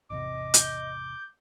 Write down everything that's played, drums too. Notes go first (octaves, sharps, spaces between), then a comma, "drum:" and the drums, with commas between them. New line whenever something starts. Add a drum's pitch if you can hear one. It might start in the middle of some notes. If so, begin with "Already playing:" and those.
G#1 E2 C3 D#5 D6
G6, drum: hi-hat